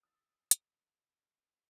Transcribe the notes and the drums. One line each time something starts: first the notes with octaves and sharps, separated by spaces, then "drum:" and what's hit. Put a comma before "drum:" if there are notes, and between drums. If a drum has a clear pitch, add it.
D#6 E6 A6
drum: hi-hat